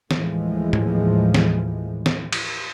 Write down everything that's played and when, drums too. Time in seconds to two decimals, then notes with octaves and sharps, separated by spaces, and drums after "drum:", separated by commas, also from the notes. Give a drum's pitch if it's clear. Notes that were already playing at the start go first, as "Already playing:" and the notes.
0.11 D#2 A2 E3 F3 G#3, drum: snare
0.73 drum: tom
1.34 drum: snare
2.06 drum: snare
2.32 drum: cymbal